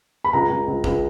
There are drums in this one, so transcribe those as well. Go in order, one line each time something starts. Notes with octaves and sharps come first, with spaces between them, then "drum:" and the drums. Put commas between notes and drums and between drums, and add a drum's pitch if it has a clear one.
B5
C#2 A#5
C#2
C#2
C#2, drum: kick